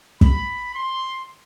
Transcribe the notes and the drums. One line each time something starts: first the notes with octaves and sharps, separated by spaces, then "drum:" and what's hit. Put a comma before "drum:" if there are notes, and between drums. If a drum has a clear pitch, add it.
B5, drum: kick
C6